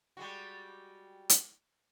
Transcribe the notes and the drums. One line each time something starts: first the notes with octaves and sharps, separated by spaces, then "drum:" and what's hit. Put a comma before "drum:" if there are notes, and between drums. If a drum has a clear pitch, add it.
G3 G#3 F#4
drum: hi-hat